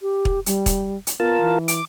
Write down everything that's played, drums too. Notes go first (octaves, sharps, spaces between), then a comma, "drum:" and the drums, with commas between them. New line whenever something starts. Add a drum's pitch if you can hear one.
G4
drum: kick
G3, drum: hi-hat
drum: kick, hi-hat
drum: hi-hat
B3 F4 A#4 A5
E3
D6, drum: hi-hat